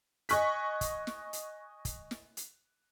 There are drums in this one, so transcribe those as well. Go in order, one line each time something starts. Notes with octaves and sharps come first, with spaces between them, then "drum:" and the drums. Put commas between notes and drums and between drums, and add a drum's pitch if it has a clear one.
D#5 G#5 C#6 F#6 B6, drum: hi-hat
drum: kick, hi-hat
drum: snare
drum: hi-hat
drum: kick, hi-hat
drum: snare
drum: hi-hat